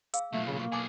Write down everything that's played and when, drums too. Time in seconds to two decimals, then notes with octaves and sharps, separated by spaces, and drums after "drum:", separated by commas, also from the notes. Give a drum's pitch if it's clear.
0.14 G#4 F5 E6, drum: hi-hat
0.33 B1 A#2 A3
0.47 C#3 F4
0.60 A#3 C#6
0.72 B1 G#4 G#5 A5 D6